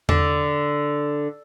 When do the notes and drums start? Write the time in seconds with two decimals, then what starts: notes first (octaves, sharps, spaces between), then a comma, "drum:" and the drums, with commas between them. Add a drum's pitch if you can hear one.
0.09 D3, drum: tom E2